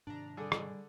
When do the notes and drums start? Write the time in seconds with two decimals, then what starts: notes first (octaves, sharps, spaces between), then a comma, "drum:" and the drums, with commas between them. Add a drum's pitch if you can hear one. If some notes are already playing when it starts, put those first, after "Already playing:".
0.07 G#2 C3 D#3 D4 A#5
0.37 D3 G3 G#4 D5
0.52 drum: rim click